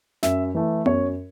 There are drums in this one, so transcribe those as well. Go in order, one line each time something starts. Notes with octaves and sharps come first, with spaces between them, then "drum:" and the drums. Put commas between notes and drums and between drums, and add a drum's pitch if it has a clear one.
F#2 E5, drum: snare
E3 A3
F#2 C#5, drum: tom B3